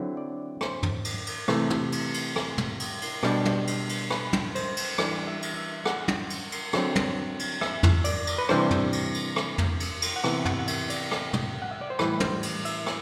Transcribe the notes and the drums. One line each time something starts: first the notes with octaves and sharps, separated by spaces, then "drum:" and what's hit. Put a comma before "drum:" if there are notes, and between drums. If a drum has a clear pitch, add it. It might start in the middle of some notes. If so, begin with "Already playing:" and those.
Already playing: D3 F#3 C4 E4
D5
C5, drum: rim click
drum: tom
drum: cymbal
drum: cymbal
C3 E3 A3, drum: rim click
drum: tom
drum: cymbal
drum: cymbal
drum: rim click
drum: tom
drum: cymbal
drum: cymbal
B2 G3 D4, drum: rim click
drum: tom
drum: cymbal
drum: cymbal
B4, drum: rim click
drum: tom
C5, drum: cymbal
drum: cymbal
E3 G3 D4 D5, drum: rim click
E5
drum: cymbal
E5
F#5, drum: rim click
drum: tom
drum: cymbal
drum: cymbal
D3 F#3 C4, drum: rim click
drum: tom
drum: cymbal
E5, drum: rim click
drum: tom
D5, drum: cymbal
drum: cymbal
B4
C3 E3 G3 D4 C5, drum: rim click
drum: tom
drum: cymbal
drum: cymbal
drum: rim click
drum: tom
drum: cymbal
drum: cymbal
F#5
C3 E3 B3 E5, drum: rim click
F#5, drum: tom
F#5
E5, drum: cymbal
D5, drum: cymbal
drum: rim click
drum: tom
F#5
E5
D5
C5
A2 E3 G3 B4, drum: rim click
C5, drum: tom
drum: cymbal
E5, drum: cymbal
drum: rim click